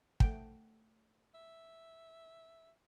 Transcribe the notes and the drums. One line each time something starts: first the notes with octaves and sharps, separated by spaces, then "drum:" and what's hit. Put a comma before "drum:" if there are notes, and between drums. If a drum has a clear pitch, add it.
A3 F#5 G5, drum: kick
E5